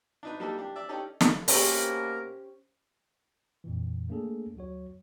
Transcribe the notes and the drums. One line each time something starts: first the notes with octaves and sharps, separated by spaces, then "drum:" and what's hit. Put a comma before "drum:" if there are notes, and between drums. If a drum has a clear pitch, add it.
D4 D#4 B4
G3 A#3 D4 D#4 A4
D4 G4
D5 E5
C#4 D#4 G4 A4 D5
drum: snare
B2 A#3 C#4 G4 A#4 C5, drum: open hi-hat
F2 A#2 E3
A3 A#3 D4 G#4 A4
D2 F#3 F#4 C#5